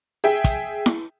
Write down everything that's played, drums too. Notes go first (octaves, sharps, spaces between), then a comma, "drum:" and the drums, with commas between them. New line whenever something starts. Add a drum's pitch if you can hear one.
G#4 E5 G5
drum: kick, hi-hat
drum: snare E4